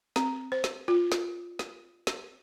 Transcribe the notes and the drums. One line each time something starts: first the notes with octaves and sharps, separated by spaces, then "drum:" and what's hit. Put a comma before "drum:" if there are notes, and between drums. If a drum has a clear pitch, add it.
C4, drum: snare
C5
drum: snare
F4
drum: snare
drum: snare
drum: snare